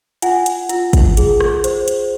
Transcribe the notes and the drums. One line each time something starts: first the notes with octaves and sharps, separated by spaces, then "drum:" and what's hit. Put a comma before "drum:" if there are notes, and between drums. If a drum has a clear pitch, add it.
F4 F#5 G#5, drum: hi-hat
drum: hi-hat
F4, drum: hi-hat
drum: kick, hi-hat
G#4, drum: hi-hat
drum: rim click
C5, drum: hi-hat
drum: hi-hat